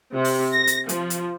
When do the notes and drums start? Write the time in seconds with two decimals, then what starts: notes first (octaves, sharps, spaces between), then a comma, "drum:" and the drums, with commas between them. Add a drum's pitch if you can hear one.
0.14 C3
0.24 drum: open hi-hat
0.54 A#6
0.67 drum: hi-hat
0.89 F3, drum: hi-hat
1.10 drum: hi-hat